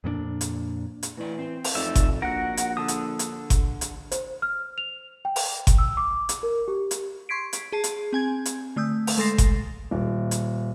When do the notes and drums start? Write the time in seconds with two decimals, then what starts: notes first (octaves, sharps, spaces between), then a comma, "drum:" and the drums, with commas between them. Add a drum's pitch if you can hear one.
0.04 F2 A#2 A#3 D4
0.41 drum: hi-hat
1.03 drum: hi-hat
1.17 A2 E3 D5
1.39 C4
1.64 drum: open hi-hat
1.75 F2 A3 D#4 D5 E5
1.95 drum: kick G1, hi-hat
2.22 A#1 F#4 A#4 F#5
2.57 drum: hi-hat
2.77 D3 A4 A5 D#6
2.88 drum: hi-hat
3.19 drum: hi-hat
3.50 drum: kick G1, hi-hat
3.81 drum: hi-hat
4.12 C5, drum: hi-hat
4.42 F6
4.78 F7
5.25 G5
5.36 drum: open hi-hat
5.67 drum: kick G1, hi-hat
5.78 E6
5.97 D6
6.29 drum: hi-hat
6.43 A#4
6.68 G4
6.91 drum: hi-hat
7.29 C6 C#6 G#6 B6 C7 D7
7.53 drum: hi-hat
7.72 G#4 A5 C7
7.84 drum: hi-hat
8.13 C4 G#5 G#6
8.45 drum: hi-hat
8.76 D3 A3 D#6 E6 G6
9.07 drum: open hi-hat
9.18 G#3 A4 C6 A6 A#6 C7
9.38 drum: kick G1, hi-hat
9.91 D#1
10.31 drum: hi-hat